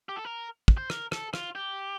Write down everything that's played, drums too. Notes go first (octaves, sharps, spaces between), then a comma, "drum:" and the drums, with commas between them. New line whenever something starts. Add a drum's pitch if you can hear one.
G4
A4
A#4
drum: kick
C5
A#4, drum: rim click
A4, drum: rim click
F4, drum: rim click
G4